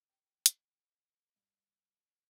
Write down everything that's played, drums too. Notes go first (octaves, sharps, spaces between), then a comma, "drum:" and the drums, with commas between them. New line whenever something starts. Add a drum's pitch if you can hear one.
G5
drum: hi-hat
G2